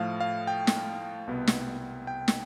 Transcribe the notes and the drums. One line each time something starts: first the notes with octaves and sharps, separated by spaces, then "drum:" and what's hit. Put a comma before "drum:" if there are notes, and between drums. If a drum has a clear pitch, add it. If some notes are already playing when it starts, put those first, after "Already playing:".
Already playing: A2 F3 A3 F5
F5
G5
drum: snare
C2 B2 B3
drum: snare
G5
drum: snare